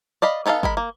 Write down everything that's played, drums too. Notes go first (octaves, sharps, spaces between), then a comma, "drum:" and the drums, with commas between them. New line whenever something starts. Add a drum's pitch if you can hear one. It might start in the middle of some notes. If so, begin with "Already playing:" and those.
D5 D#5 F5 B5
B3 D#4 A4 D#5 F5
G#3 A#4 B5, drum: kick
A#3